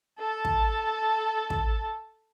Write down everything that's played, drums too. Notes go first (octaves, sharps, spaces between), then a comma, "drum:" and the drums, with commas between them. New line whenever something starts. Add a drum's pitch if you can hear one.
A4 A5
drum: kick
drum: kick